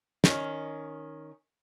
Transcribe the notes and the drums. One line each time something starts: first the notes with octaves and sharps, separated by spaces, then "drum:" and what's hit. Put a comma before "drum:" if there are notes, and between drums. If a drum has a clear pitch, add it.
D#3 C#4, drum: snare